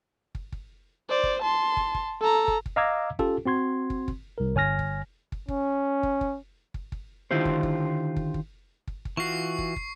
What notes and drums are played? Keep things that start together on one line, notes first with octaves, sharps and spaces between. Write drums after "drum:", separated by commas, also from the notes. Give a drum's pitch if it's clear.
drum: kick
drum: kick
C5 D5
drum: kick
A5 C6
drum: kick
drum: kick
A4 A#5
drum: kick
drum: kick
D#5 F5 A#5 D6 E6 G#6
C#4 F4 G4 A4, drum: kick
C4 F#4 C6 G#6
drum: kick
drum: kick
C2 A#4
G1 C#5 G#5 F6 A#6
drum: kick
drum: kick
C#4, drum: kick
drum: kick
drum: kick
drum: kick
drum: kick
D3 D#3 E4 F4 G4 C5
drum: kick
drum: kick
drum: kick
drum: kick
drum: kick
drum: kick
E3 F4 F#4 C#6 C7
drum: kick
drum: kick